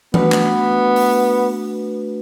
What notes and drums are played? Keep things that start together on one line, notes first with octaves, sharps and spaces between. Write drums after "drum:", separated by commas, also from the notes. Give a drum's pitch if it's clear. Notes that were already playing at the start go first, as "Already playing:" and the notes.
A3 B3 D4 F#4 B4, drum: tom E3
drum: clap
drum: open hi-hat